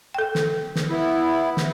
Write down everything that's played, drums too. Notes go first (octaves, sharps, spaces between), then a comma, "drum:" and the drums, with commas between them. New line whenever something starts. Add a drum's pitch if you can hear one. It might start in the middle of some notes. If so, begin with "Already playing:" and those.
A4 G5
drum: snare
drum: snare
B3 E4
drum: snare